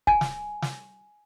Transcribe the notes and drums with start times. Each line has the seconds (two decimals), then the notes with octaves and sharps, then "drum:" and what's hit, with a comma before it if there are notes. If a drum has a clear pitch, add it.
0.07 G#5, drum: kick
0.21 drum: snare
0.62 drum: snare